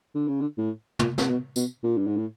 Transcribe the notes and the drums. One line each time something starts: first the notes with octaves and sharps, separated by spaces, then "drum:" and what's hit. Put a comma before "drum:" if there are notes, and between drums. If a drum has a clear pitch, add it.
D3
C#3
D3
A2
A#2, drum: tom
C3, drum: snare
B2
B2, drum: tambourine
A#2
G2
G#2
A2